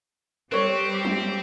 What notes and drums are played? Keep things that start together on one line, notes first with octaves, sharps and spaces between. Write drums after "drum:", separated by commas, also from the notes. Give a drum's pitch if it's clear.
G3 C4 G4 B4 C#5
drum: tom G3